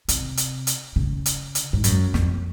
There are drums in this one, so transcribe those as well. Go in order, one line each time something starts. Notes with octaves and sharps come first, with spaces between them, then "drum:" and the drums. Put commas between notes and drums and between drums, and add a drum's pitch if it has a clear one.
C3, drum: hi-hat
drum: hi-hat
drum: hi-hat
C#3
drum: hi-hat
drum: hi-hat
G#2
F#2, drum: hi-hat
F2, drum: snare